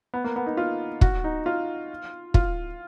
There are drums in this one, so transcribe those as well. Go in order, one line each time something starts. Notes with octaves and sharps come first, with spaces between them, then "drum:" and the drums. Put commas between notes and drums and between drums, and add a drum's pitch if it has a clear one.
B3
A#3
B3
D#4
F4
F#4, drum: kick
D#4
F4
F4, drum: kick